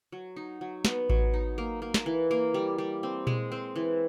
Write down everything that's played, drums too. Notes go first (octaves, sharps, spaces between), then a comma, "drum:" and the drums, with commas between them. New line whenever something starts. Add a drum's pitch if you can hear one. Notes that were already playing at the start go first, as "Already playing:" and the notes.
F#3
D#4
F#3
B3, drum: snare
F#3, drum: kick A1
D#4
A#3
A#3
drum: snare
E3
A#3
G3
G3
C4
G#3, drum: tom A#2
C4
E3